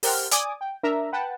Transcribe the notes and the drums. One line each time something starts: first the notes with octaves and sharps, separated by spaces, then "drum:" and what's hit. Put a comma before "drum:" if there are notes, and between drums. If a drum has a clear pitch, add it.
G4 A#4 C5 F#5 G5 F6, drum: open hi-hat
D5 G#5 D6 D#6, drum: hi-hat
G5
D4 A#4 E5 A#5
B4 F#5 G5 A5